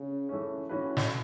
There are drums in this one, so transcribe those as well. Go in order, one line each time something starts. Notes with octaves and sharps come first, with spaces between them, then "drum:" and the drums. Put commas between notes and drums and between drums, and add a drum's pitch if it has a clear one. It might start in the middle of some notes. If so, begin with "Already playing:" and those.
Already playing: C#3
E3 A3 C#4
A2 E3 C#4 F#4 B4
drum: snare